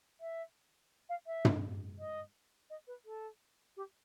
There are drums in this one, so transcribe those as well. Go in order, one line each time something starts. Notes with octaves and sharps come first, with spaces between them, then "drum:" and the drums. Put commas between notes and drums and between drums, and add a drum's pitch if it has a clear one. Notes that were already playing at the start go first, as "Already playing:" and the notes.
E5
F5
E5
drum: tom
D#5
D#5
B4
A4
G4